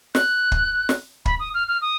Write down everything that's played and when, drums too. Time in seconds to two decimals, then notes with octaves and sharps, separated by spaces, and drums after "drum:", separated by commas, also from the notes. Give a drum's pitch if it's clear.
0.15 F#6, drum: snare
0.52 drum: kick
0.89 drum: snare
1.26 B5, drum: kick
1.40 D#6
1.54 F6
1.68 F6
1.82 D#6